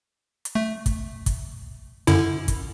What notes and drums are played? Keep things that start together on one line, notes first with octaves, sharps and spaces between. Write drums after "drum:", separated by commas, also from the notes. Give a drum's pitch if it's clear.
drum: hi-hat
A3
drum: kick, hi-hat
drum: kick, hi-hat
F#2 D3 E4, drum: hi-hat
drum: kick, hi-hat